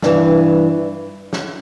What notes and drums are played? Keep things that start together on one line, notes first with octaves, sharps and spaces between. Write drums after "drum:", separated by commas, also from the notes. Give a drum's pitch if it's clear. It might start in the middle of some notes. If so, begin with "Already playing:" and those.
G2 E3, drum: snare
drum: snare